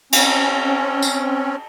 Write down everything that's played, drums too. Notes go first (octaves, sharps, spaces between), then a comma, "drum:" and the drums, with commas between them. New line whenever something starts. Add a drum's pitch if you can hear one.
C4 C#4, drum: cymbal
drum: tambourine